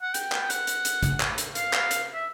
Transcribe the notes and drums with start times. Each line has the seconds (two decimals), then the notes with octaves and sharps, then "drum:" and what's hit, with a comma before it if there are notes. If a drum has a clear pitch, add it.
0.02 F#5
0.14 G5, drum: hi-hat
0.32 drum: clap
0.41 G5
0.50 F#5, drum: hi-hat
0.67 drum: hi-hat
0.85 drum: hi-hat
1.03 drum: kick A1, hi-hat
1.20 drum: clap
1.38 drum: hi-hat
1.55 F5, drum: hi-hat
1.73 drum: clap
1.91 drum: hi-hat
2.14 E5